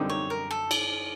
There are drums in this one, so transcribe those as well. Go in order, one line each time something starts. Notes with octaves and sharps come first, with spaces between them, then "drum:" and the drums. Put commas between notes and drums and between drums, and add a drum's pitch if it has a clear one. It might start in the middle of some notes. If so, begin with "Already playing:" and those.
Already playing: F#2 D3 G3 C4 D#4
C#5
A#4
A4
drum: cymbal